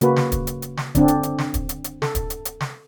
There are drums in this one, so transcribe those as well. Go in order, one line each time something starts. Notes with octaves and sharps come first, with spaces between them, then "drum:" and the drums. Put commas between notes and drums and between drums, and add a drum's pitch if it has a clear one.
C#3 A#3 F#4 B4, drum: hi-hat
drum: snare
drum: kick, hi-hat
drum: hi-hat
drum: hi-hat
drum: snare
D3 C4 D4, drum: kick, hi-hat
drum: hi-hat
drum: hi-hat
drum: snare
drum: kick, hi-hat
drum: hi-hat
drum: hi-hat
A4, drum: snare
drum: kick, hi-hat
drum: hi-hat
drum: hi-hat
drum: snare